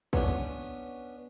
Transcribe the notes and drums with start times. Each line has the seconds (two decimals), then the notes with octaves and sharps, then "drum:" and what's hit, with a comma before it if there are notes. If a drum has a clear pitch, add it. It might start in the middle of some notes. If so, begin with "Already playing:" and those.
0.13 B3 C#4 D4, drum: kick